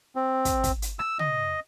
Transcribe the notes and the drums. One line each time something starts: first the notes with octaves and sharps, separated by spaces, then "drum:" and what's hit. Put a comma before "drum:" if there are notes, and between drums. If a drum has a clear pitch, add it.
C4
drum: kick, hi-hat
drum: kick, hi-hat
drum: hi-hat
E6, drum: rim click
D#5, drum: tom